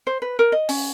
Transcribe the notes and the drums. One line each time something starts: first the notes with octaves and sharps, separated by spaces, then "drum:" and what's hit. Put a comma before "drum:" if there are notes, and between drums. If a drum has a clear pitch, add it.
C5
B4
A#4
D#5
C#4, drum: open hi-hat